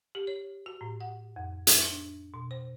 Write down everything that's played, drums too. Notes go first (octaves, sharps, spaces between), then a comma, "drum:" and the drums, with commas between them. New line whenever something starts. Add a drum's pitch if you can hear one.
G4
C#5
F#4
A2
F#5
F2
E5, drum: hi-hat
D4
B2
C5